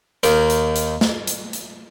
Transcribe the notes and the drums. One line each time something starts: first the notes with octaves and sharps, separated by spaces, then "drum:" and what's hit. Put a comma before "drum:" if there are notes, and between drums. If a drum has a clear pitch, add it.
D#2 D#3, drum: hi-hat
drum: hi-hat
drum: hi-hat
drum: snare
drum: hi-hat
drum: hi-hat